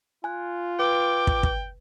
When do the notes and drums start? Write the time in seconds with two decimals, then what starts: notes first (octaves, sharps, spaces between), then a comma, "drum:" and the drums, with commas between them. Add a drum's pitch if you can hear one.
0.24 F4 G#5 F#6
0.79 B4 G5 D6
1.27 drum: kick
1.43 drum: kick